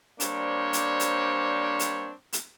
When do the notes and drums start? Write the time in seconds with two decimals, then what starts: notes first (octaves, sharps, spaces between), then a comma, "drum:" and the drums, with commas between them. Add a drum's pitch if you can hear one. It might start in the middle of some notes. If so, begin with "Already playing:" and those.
0.20 G3 A#3 C4 D4 C5 C#5, drum: hi-hat
0.73 drum: hi-hat
1.00 drum: hi-hat
1.79 drum: hi-hat
2.33 drum: hi-hat